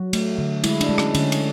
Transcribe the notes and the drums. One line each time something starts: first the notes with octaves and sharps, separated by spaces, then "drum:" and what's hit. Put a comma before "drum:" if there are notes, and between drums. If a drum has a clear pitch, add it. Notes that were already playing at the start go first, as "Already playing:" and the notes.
Already playing: F#3 F#4
A3, drum: cymbal
D3
G#3 E4, drum: cymbal
D4, drum: cymbal
G#3
C#4, drum: rim click
D3 C#4, drum: cymbal
drum: cymbal